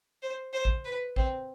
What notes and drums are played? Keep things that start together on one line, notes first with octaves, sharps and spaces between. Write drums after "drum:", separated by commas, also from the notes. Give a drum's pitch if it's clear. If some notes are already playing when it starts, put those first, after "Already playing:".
C5
C5
drum: kick
B4
C4, drum: kick